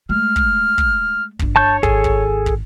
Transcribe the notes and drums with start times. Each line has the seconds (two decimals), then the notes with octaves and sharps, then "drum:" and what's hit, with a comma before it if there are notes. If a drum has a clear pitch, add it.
0.09 G#3 A3 F6
0.36 drum: kick
0.78 drum: kick
1.39 G1 D4, drum: kick
1.56 C#5 A5 C#6 G6
1.83 G#1 G#4 A4 G#5, drum: kick
2.04 drum: kick
2.46 drum: kick